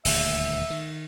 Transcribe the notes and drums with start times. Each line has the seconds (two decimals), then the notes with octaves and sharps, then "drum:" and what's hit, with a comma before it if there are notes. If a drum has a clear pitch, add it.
0.05 D#1 D2 A#2 E5, drum: open hi-hat
0.70 D#3